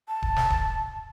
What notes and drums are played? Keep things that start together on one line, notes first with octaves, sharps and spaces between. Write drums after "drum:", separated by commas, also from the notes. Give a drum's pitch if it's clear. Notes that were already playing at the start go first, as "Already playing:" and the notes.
A5
drum: kick D1
drum: snare
drum: kick D1